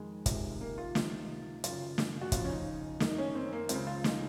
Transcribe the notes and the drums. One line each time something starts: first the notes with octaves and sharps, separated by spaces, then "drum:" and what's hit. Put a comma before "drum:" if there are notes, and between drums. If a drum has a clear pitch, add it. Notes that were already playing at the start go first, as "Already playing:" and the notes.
Already playing: F2 D#3 G#3
C#2 C3 D#3, drum: kick, hi-hat
A#3
F4
C#2 C3 D#3, drum: snare
F#2 C#3 F4, drum: hi-hat
drum: snare
F#4
F2 C#3 F4, drum: kick, hi-hat
C#4
D#4
F#2 D#3 D#4, drum: snare
D#4
C#4
C4
A#3
C#2 C#3 C4, drum: hi-hat
F4
D#4, drum: snare